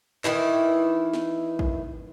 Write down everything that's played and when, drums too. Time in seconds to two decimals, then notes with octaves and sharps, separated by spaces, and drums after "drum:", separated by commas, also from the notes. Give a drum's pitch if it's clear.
0.24 D#3 E3 E4, drum: clap
1.14 drum: snare
1.59 drum: kick